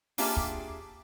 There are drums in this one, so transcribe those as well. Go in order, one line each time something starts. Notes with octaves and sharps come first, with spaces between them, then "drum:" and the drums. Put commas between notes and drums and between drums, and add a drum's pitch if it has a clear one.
A#3 D4 F4 G4 G#4 E5, drum: open hi-hat
drum: kick